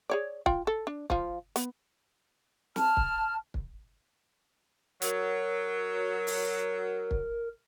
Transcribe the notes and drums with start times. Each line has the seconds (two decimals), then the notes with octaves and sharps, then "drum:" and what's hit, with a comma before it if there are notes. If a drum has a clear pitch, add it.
0.10 G#4 C#5 D5
0.46 F4 G5, drum: kick
0.67 A4
0.87 D4
1.10 F3 F4, drum: kick
1.56 B3, drum: hi-hat
2.76 A5 F6, drum: snare
2.97 drum: kick
3.54 drum: kick
5.02 F#3 A#4, drum: hi-hat
6.27 drum: open hi-hat
7.11 drum: kick